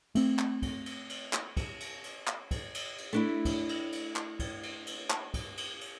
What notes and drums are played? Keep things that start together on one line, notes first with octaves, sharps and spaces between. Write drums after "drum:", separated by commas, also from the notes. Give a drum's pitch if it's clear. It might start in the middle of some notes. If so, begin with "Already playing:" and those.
A3 C4, drum: cymbal
drum: clap
drum: kick, cymbal
drum: cymbal
drum: cymbal
drum: clap
drum: kick, cymbal
drum: cymbal
drum: cymbal
drum: clap
drum: kick, cymbal
drum: cymbal
drum: cymbal
A3 D4 E4
drum: kick, cymbal
drum: cymbal
drum: cymbal
drum: clap
drum: kick, cymbal
drum: cymbal
drum: cymbal
drum: clap
drum: kick, cymbal
drum: cymbal
drum: cymbal